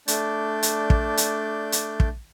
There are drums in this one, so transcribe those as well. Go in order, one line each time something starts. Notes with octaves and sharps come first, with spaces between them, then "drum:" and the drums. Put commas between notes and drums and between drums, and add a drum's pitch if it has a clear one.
A3 D4 D5 G6, drum: hi-hat
drum: hi-hat
drum: kick
drum: hi-hat
drum: hi-hat
drum: kick